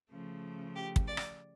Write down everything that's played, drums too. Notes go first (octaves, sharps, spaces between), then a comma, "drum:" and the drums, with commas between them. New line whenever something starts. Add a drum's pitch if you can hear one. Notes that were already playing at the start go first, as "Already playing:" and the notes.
C#3 F3 A3
G4
drum: kick
D5
drum: rim click